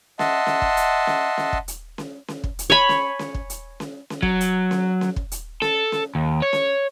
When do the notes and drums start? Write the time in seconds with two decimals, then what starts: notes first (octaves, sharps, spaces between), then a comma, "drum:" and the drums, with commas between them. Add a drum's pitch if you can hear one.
0.19 D#5 E5 F#5 A5 C6, drum: snare C#4
0.47 drum: snare C#4
0.62 drum: kick
0.77 drum: hi-hat
1.07 drum: snare C#4
1.37 drum: snare C#4
1.53 drum: kick
1.68 drum: hi-hat
1.98 drum: snare C#4
2.28 drum: snare C#4
2.44 drum: kick
2.59 drum: hi-hat
2.70 C#5 G#5 B5
2.89 drum: snare C#4
3.19 drum: snare C#4
3.34 drum: kick
3.50 drum: hi-hat
3.80 drum: snare C#4
4.10 drum: snare C#4
4.22 F#3, drum: kick
4.41 drum: hi-hat
4.71 drum: snare C#4
5.01 drum: snare C#4
5.16 drum: kick
5.32 drum: hi-hat
5.62 A4, drum: snare C#4
5.92 drum: snare C#4
6.15 D#2
6.42 C#5
6.53 drum: snare C#4